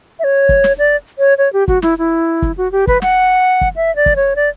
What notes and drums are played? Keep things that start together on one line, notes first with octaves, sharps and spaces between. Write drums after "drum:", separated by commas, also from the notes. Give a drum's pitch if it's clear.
E5
C#5
drum: kick
drum: snare
D5
C#5
C#5
G4
F#4, drum: kick
E4, drum: snare
E4
drum: kick
F#4
G4
B4, drum: kick
F#5, drum: snare
drum: kick
E5
D5
drum: kick
C#5
D5